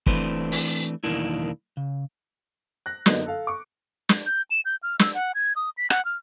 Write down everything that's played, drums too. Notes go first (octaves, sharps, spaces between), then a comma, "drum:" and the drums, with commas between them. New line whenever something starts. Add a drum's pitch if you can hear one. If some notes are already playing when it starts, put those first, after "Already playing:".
E3 A3 C4 D4 B4 C5, drum: kick
drum: open hi-hat
B1 E2 D#3 A#3 D4 E4
C#3
F#6 A#6
F#2 D3 F#3 A#3 B3 D#4, drum: snare
A4 F5
C#6 D6
drum: snare
G6
E7
G6
F6
E6, drum: snare
F#5
G#6
D#6
B6
F#5, drum: rim click
F6